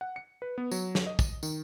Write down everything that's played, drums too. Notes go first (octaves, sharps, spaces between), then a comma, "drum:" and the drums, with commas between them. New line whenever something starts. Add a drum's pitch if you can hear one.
F#5
C#7
B4
B3
F#3, drum: tambourine
drum: snare
D#5
drum: kick, tambourine
D#3, drum: tambourine